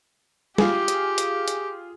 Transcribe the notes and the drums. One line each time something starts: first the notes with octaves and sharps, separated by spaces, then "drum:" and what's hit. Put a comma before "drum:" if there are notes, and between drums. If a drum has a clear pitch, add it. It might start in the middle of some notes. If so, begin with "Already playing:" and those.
F4 G4 G#4, drum: snare
drum: hi-hat
drum: hi-hat
drum: hi-hat